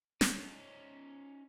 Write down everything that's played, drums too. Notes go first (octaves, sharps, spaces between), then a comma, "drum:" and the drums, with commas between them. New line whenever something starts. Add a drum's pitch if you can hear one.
C#4 D#4, drum: snare